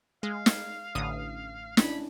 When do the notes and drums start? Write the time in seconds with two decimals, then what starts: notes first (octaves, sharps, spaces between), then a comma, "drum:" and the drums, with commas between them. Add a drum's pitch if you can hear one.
0.23 G#3 F5
0.46 drum: snare
0.95 A1 D3 D#6
1.77 C#4 D4 E4 B5, drum: snare